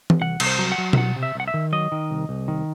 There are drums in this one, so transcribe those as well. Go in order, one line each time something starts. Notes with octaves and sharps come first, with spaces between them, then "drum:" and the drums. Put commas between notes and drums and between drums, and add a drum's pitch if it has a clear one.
drum: tom E3
C2 F#5
C2, drum: cymbal
C5
F#3
F#5
F#3
E5, drum: tom B2
C2 F#5
C3
E5
C2 F#5
E5
D#3
F#3 D#5
D#3
C2
C2
D#3